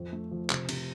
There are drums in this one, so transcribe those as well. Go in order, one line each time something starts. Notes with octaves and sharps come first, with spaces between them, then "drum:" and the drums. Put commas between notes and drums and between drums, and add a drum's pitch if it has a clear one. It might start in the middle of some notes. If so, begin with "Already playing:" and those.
Already playing: F2
A3
F3
C3, drum: clap
C3, drum: cymbal